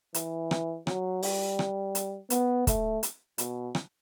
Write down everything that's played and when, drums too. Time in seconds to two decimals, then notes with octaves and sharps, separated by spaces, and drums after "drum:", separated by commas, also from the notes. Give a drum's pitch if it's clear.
0.14 E3, drum: hi-hat
0.51 drum: rim click
0.87 F#3, drum: rim click
1.22 G3, drum: open hi-hat
1.59 drum: rim click
1.95 drum: hi-hat
2.30 B3, drum: hi-hat
2.67 A3, drum: kick, hi-hat
3.03 drum: hi-hat
3.38 B2, drum: hi-hat
3.75 drum: rim click